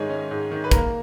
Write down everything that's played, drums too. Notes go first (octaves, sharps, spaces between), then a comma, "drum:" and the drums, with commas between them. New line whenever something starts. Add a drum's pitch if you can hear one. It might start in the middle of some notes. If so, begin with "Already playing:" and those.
Already playing: G#2 D#3 G#3 C#5 G#5
C#4
G#2
D#3
B4
A#3 A#4, drum: kick, hi-hat